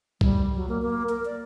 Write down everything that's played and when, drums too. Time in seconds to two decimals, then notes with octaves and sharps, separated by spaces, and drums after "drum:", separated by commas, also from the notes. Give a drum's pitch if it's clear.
0.21 G3, drum: kick
0.55 F#3
0.69 A#3
0.82 A#3
1.09 A#4
1.25 D5